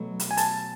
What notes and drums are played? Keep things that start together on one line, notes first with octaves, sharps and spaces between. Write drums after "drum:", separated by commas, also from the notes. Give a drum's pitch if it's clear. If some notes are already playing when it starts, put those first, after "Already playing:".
Already playing: B2 F#3 A3
drum: hi-hat
G#5
A5, drum: hi-hat